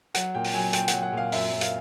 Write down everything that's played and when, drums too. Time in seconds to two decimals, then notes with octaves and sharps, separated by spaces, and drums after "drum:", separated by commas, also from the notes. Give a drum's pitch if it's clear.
0.14 F#3 F#5, drum: hi-hat
0.35 A#2 G5
0.44 drum: open hi-hat
0.54 F#3 G#5
0.73 A#2 G5, drum: hi-hat
0.88 F#3 F#5, drum: hi-hat
1.03 F#5
1.13 A#2 F5
1.32 F#2 E5, drum: open hi-hat
1.51 F#2
1.61 F5, drum: hi-hat